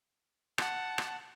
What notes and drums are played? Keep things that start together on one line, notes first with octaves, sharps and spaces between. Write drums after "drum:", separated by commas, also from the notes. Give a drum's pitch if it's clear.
F#5 A5, drum: rim click
drum: rim click